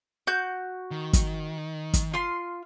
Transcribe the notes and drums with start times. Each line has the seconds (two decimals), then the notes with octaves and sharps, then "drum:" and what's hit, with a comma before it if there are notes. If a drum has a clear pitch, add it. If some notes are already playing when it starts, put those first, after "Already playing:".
0.27 F#4 G6
0.91 D#3
1.13 drum: kick, hi-hat
1.94 drum: kick, hi-hat
2.14 F4 C6